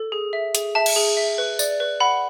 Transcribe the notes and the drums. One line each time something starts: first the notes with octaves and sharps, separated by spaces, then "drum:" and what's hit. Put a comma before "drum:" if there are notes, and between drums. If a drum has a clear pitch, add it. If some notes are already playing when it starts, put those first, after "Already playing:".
Already playing: A4
G#4
E5
G#4, drum: hi-hat
E5 A5
drum: cymbal
G#4
E5
B4
D5, drum: tambourine
B4
F#5 B5